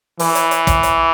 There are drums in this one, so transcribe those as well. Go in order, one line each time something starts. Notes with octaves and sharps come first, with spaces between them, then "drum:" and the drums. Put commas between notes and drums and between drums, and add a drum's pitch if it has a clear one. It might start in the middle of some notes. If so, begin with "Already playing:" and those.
E3, drum: open hi-hat
drum: hi-hat
drum: hi-hat
drum: kick, hi-hat
drum: hi-hat